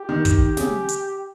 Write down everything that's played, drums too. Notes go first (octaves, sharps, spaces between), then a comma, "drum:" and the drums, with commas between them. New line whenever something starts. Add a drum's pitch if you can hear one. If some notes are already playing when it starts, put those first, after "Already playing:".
Already playing: G4
D#3
drum: kick, hi-hat
C#3, drum: snare
drum: hi-hat